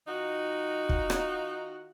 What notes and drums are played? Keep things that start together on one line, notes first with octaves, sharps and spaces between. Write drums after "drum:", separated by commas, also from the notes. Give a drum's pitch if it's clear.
D#3 D#4 F4 F#4
drum: kick
drum: rim click